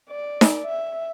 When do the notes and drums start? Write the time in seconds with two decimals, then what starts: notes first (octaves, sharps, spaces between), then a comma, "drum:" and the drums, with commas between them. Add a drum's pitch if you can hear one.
0.10 D5
0.41 drum: snare D#4
0.65 E5